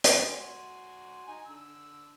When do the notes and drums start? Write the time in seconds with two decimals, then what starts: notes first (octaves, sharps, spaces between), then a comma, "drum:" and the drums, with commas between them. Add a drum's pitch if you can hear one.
0.04 drum: hi-hat
0.26 F#4 G#5 C6
1.28 D#4 G#5
1.46 D3 E6